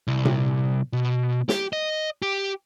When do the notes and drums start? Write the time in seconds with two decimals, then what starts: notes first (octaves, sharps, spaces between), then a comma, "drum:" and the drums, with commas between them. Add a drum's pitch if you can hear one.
0.08 C2
0.25 drum: tom A#2
0.93 B2
1.49 G4, drum: snare
1.73 D#5
2.22 G4